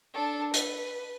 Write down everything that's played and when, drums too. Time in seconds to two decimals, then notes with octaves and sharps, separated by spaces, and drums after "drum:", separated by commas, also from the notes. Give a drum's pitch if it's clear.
0.14 D4 A4
0.54 B4, drum: hi-hat